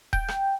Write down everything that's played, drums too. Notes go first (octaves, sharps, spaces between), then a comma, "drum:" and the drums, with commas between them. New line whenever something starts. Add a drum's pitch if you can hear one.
G5, drum: kick D#1
drum: rim click